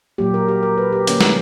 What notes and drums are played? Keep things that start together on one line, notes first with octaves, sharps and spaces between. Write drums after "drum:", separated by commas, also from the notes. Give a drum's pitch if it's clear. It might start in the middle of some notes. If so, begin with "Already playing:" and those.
A#2 F#3 A#3 G4
A#4
G4
A#4
B4
G4
D3 A#3 C#4, drum: hi-hat
drum: snare